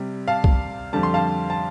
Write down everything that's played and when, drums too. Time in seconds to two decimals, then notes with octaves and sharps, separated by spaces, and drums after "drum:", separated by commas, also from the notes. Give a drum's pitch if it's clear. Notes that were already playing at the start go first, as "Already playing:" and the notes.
Already playing: C3 G3
0.28 F5 A5
0.44 drum: kick
0.93 F2 D3 G3 A5
1.03 C6
1.14 F5 A5
1.50 A5